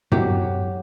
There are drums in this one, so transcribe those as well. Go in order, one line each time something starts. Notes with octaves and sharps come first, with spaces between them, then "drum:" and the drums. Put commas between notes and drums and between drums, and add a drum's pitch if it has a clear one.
F#3 G4, drum: tom